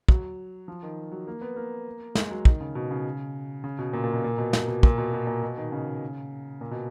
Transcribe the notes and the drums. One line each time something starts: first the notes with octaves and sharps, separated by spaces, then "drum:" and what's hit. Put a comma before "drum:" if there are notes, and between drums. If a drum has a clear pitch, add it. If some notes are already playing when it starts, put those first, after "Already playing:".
F#3, drum: kick
F3
D#3
F#3
A#3
B3
A#3
G#3, drum: snare
F#3
D#3, drum: kick
C#3
B2
C#3
C#3
B2
A#2
A#2
B2
A#2
B2
drum: snare
B2
A#2, drum: kick
B2
B2
A#2
B2
D#3
C#3
A#2
B2